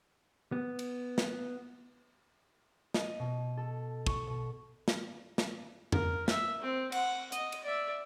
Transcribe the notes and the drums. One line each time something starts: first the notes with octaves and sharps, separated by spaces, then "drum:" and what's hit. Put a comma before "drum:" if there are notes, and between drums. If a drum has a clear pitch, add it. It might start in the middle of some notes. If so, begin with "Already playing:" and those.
B3
drum: cymbal
drum: snare
D#5, drum: snare
B2
A4
C#6, drum: kick
B2
drum: snare
drum: snare
A#4, drum: tom F2
E5, drum: snare
C4
F#5, drum: cymbal
D#5, drum: hi-hat
drum: cymbal
D5 E5